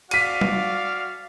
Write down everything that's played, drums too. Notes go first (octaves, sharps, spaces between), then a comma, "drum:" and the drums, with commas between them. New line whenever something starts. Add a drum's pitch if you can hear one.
F#4 D5 F5 B6 D#7, drum: cymbal
drum: tom G3